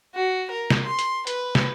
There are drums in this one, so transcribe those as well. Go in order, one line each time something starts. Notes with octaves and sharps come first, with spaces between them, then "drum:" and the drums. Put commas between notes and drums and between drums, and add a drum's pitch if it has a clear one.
F#4
A#4
drum: snare
C6
drum: hi-hat
B4, drum: hi-hat
drum: snare